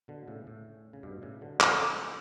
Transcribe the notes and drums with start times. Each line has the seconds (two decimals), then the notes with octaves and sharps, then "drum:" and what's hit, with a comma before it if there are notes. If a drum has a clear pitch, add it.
0.08 B2 D3
0.28 A2 C#3
0.47 A2
0.93 C#3
1.03 G2 B2
1.22 A2 C#3
1.41 B2 D3
1.60 drum: clap